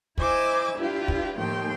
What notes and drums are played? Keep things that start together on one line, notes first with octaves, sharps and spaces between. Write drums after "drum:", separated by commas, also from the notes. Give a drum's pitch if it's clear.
E4 C5 D#5 G#5 D6 E6, drum: kick
D4 E4 F4 G4 B4
drum: kick
D#2 A2 F3 A3 G5 C6